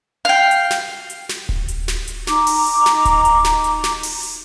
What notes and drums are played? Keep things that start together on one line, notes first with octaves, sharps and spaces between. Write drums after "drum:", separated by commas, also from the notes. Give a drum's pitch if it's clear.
F5 G5
drum: hi-hat
drum: snare
drum: hi-hat
drum: snare
drum: kick D1
drum: hi-hat
drum: snare
drum: hi-hat
D#4 A#5 D6, drum: snare
drum: open hi-hat
drum: hi-hat
drum: snare
drum: kick D1, hi-hat
drum: hi-hat
drum: snare
drum: hi-hat
drum: snare
drum: open hi-hat
drum: hi-hat